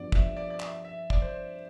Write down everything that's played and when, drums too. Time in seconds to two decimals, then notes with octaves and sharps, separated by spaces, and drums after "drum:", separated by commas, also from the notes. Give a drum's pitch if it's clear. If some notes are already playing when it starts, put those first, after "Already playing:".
Already playing: G2 F3 B3 D5
0.12 E5, drum: kick
0.37 D5
0.50 D5
0.60 E5, drum: clap
0.85 E5
1.10 D5, drum: kick
1.22 C5